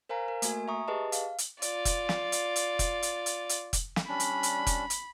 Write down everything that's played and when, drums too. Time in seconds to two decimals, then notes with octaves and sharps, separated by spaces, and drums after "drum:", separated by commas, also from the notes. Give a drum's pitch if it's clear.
0.09 A#4 C5 F5 G#5 A#5
0.28 A#4
0.42 A3 A#3 F#4 G#5, drum: hi-hat
0.68 E5 A#5 C#6 D#6
0.88 G4 G#4 B4 D#5 A5
1.12 F5, drum: hi-hat
1.38 drum: hi-hat
1.62 F4 D5, drum: hi-hat
1.85 drum: kick F1, hi-hat
2.09 drum: snare
2.32 drum: hi-hat
2.56 drum: hi-hat
2.79 drum: kick F1, hi-hat
3.03 drum: hi-hat
3.26 drum: hi-hat
3.49 drum: hi-hat
3.73 drum: kick F1, hi-hat
3.96 drum: snare
4.08 G3 C#4 D4 B5
4.20 drum: hi-hat
4.43 drum: hi-hat
4.67 drum: kick F1, hi-hat
4.90 drum: hi-hat